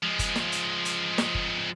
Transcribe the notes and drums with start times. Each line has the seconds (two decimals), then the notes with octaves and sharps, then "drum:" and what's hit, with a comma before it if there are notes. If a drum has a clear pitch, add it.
0.03 F3 G#3
0.19 drum: kick, hi-hat
0.36 drum: snare
0.52 drum: hi-hat
0.85 drum: hi-hat
1.18 drum: snare
1.35 drum: kick